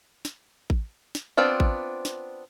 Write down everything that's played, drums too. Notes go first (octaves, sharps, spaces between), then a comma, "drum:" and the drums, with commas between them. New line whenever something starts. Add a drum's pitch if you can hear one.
drum: snare
drum: kick A1
drum: snare
B3 C4 D4 F4
drum: kick A1
drum: snare